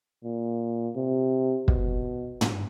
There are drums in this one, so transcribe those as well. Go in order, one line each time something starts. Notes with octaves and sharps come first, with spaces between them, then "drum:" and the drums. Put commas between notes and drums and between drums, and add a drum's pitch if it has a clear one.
A#2
C3
B2, drum: kick
drum: tom